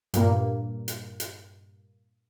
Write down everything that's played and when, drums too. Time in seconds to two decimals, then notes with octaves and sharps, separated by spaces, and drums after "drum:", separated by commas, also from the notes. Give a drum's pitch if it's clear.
0.14 G2 A#2 A#3, drum: hi-hat
0.88 drum: hi-hat
1.20 drum: hi-hat